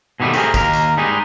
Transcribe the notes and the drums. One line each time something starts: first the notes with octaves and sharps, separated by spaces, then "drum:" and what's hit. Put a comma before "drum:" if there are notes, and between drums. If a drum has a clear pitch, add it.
B2 D#3 G3 A3 B3
A3 B3 C4 G4 G#4 A#4, drum: tambourine
D#2 A#4, drum: kick, tambourine
drum: tambourine
G3 G#3 D#4